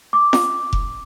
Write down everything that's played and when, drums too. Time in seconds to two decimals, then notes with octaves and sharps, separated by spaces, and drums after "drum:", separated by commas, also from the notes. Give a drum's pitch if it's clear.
0.13 D6
0.33 drum: snare
0.73 drum: kick F1